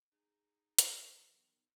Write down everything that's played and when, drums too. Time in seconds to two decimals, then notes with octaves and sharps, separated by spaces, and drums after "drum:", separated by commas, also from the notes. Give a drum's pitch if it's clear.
0.12 D#4 G#4
0.79 G#1 E2, drum: hi-hat
1.32 B1 G2 D#3